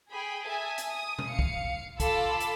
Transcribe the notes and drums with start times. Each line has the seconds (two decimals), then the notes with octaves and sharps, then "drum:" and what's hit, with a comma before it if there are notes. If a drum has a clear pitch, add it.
0.13 G#4 G5 B5
0.44 E5 G#5 A5 D#6
0.78 drum: hi-hat
0.89 D#6
1.19 drum: tom B2
1.28 F5 C#7
1.39 drum: kick
2.00 F4 A4 A5 B5 D6 E6, drum: kick, hi-hat
2.40 drum: hi-hat